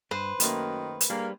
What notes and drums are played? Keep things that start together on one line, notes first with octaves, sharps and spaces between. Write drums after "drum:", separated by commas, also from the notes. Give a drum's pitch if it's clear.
G2 B4 C5
F#2 D#3 A3 A#3, drum: hi-hat
drum: hi-hat
G3 A#3 D4 G#4